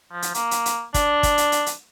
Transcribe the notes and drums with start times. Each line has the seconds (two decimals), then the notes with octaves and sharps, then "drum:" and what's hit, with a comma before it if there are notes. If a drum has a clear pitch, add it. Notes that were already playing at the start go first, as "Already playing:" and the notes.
0.12 F3
0.22 drum: hi-hat
0.34 A#3, drum: hi-hat
0.51 drum: hi-hat
0.66 drum: hi-hat
0.94 D4, drum: kick, hi-hat
1.23 drum: kick, hi-hat
1.38 drum: hi-hat
1.52 drum: hi-hat
1.66 drum: hi-hat